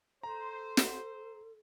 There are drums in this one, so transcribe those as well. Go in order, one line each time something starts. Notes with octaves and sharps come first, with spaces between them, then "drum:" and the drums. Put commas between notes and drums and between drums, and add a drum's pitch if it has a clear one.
A4 C5 A#5
drum: snare